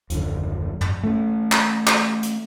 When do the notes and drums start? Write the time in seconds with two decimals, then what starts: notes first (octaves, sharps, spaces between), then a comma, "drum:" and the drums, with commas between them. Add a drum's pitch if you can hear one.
0.10 D#1 A#1 F#2 D3, drum: hi-hat
0.81 drum: tom G2
1.03 A3 C#4
1.52 drum: clap
1.87 drum: clap
2.23 drum: hi-hat